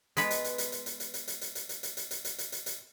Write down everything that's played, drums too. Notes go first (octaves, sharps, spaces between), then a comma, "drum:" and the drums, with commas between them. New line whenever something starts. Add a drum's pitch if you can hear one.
G#3 B3 B4, drum: hi-hat
drum: hi-hat
drum: hi-hat
drum: hi-hat
drum: hi-hat
drum: hi-hat
drum: hi-hat
drum: hi-hat
drum: hi-hat
drum: hi-hat
drum: hi-hat
drum: hi-hat
drum: hi-hat
drum: hi-hat
drum: hi-hat
drum: hi-hat
drum: hi-hat
drum: hi-hat
drum: hi-hat